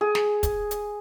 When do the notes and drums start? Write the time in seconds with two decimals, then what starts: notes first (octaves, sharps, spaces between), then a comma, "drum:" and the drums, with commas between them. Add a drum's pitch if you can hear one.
0.01 G#4
0.15 drum: snare
0.43 drum: kick, hi-hat
0.71 drum: hi-hat